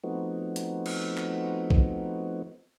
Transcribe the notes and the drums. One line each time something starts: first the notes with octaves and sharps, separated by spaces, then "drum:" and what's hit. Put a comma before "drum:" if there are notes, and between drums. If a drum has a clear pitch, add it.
F3 A3 B3 C4 D#4 F#4
drum: hi-hat
drum: cymbal
drum: clap
drum: kick A#1